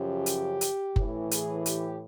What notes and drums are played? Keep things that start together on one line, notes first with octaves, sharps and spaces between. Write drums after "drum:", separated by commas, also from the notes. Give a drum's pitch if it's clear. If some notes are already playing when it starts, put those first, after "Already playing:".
Already playing: F#2 C#3 F3 G4
drum: hi-hat
drum: hi-hat
A2 E3, drum: kick F#1
G#4, drum: hi-hat
G4, drum: hi-hat